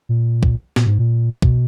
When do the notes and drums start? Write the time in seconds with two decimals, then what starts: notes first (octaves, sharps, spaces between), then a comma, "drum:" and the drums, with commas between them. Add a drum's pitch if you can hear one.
0.09 A#2
0.43 drum: kick
0.76 A#2, drum: snare
0.87 G#2
0.99 A#2
1.42 B2, drum: kick